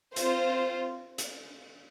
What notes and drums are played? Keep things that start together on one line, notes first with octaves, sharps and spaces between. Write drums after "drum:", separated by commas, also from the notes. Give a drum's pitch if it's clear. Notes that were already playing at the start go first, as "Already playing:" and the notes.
C4 F4 C5, drum: hi-hat
drum: hi-hat